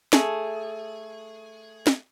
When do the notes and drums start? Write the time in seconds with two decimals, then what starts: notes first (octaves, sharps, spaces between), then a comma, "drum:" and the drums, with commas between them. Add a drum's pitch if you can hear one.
0.13 A3 G#4, drum: snare
1.87 drum: snare